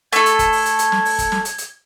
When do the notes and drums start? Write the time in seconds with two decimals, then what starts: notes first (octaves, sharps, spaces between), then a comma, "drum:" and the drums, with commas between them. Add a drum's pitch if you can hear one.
0.13 A3 A4 G#6, drum: hi-hat
0.26 drum: hi-hat
0.39 drum: kick F#1, hi-hat
0.52 drum: open hi-hat
0.65 drum: hi-hat
0.79 drum: hi-hat
0.92 drum: snare
1.05 drum: open hi-hat
1.18 drum: kick F#1, hi-hat
1.32 drum: snare
1.45 drum: hi-hat
1.58 drum: hi-hat